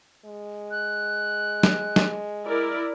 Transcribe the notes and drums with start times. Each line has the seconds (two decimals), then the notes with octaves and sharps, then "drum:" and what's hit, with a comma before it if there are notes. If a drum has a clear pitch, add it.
0.25 G#3
0.71 F#6
1.63 drum: snare
1.96 drum: snare
2.45 E4 A#4 D5